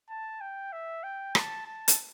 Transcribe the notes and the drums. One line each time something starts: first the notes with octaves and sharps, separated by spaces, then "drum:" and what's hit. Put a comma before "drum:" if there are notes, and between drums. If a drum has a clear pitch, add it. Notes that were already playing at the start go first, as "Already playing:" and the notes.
A5
G5
E5
G5
A5, drum: rim click
A5
drum: hi-hat